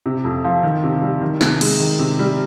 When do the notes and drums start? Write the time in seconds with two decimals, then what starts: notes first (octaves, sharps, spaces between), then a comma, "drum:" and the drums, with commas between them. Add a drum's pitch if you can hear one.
0.06 C3
0.25 F2
0.44 F3
0.63 D#3
0.84 C3
1.02 G3
1.21 D#3
1.41 C3, drum: snare
1.61 G#3, drum: cymbal
1.80 D#3
1.99 C3
2.19 G3